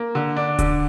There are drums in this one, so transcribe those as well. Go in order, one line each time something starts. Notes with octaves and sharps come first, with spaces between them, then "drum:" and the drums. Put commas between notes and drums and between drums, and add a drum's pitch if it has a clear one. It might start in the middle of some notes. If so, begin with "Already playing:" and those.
Already playing: A#3
D3
D4
D3, drum: kick D#1, hi-hat